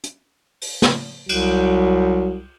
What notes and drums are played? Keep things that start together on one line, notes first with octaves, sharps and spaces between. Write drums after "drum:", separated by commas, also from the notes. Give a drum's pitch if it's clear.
drum: hi-hat
drum: open hi-hat
drum: snare
C2 F#3, drum: cymbal